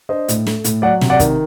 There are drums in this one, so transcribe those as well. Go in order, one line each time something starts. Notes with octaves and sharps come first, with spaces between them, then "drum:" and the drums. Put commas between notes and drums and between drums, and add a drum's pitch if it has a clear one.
D4 C5 D#5
A2, drum: hi-hat
A3, drum: snare
A2, drum: hi-hat
F#3 D5 F#5
C3, drum: snare
D5 F#5
D#3, drum: kick, hi-hat